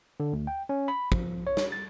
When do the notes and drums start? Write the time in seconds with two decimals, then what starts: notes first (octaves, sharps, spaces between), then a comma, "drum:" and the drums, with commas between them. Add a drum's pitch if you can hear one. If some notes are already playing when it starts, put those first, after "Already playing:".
0.20 D3
0.33 D2
0.47 G5
0.69 C#4
0.88 B5
1.12 F3, drum: kick
1.47 C#5
1.57 drum: snare
1.72 A6